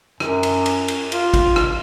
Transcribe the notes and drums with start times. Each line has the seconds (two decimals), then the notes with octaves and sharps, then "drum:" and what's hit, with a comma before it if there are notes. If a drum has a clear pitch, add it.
0.20 F#2, drum: rim click
0.43 drum: cymbal
0.66 drum: cymbal
0.88 drum: cymbal
1.12 F4, drum: cymbal
1.34 drum: kick G#1, cymbal
1.56 drum: rim click